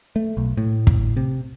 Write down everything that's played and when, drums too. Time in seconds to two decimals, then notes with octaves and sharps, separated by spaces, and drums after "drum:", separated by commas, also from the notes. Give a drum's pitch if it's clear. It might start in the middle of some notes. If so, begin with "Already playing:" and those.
0.16 A3
0.37 B1
0.57 A2
0.87 drum: kick
1.17 C3